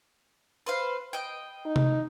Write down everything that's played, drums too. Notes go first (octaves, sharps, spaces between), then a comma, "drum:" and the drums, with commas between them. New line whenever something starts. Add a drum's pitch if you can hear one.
B4 C5 F5
D#5 G5
D#4
drum: tom C3